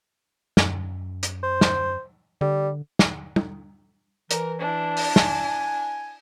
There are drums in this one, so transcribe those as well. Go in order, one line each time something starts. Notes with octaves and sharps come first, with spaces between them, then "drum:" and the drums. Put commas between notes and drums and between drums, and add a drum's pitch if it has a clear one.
F#2, drum: snare
drum: hi-hat
C5
drum: snare
D3 G3
drum: snare
drum: tom
E3 A#4, drum: hi-hat
D4 E4
drum: open hi-hat
G#5, drum: snare